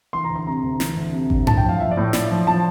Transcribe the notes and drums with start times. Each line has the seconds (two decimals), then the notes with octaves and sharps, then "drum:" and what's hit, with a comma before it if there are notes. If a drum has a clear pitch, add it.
0.13 E3 C6
0.24 A#5
0.30 D2
0.36 C6
0.47 C3 A#5
0.63 D2
0.80 E3, drum: snare
0.97 D2
1.13 C3
1.30 D2, drum: kick G#1
1.47 A2 A5, drum: tom G2
1.57 G5
1.64 F3
1.69 F5
1.80 F3 E5
1.91 D5
1.97 A2
2.13 A2 D5, drum: snare
2.31 F3
2.47 F3 A5